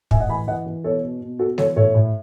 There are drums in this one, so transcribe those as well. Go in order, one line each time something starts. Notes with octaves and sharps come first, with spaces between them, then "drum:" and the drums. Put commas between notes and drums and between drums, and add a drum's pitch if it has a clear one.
A2 E5 G#5, drum: kick
D#5 F#5
E3 G#5 B5
E3 D#5 F#5
E3
B2 A4 C#5
B2
B2
B2 F#4 A4
E3 A4 C#5, drum: snare G#3
A2 A4 C#5
A2